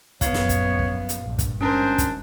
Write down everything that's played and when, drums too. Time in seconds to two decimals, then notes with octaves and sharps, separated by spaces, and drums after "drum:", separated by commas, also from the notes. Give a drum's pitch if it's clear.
0.21 A#1 F#2 B3 C#5 F5, drum: kick, hi-hat
0.34 drum: snare
0.49 drum: kick, hi-hat
0.79 drum: kick
1.09 drum: hi-hat
1.24 A#1 G2
1.39 drum: kick, hi-hat
1.61 G#1 C#4 D4 A#4 C5
1.98 drum: kick, hi-hat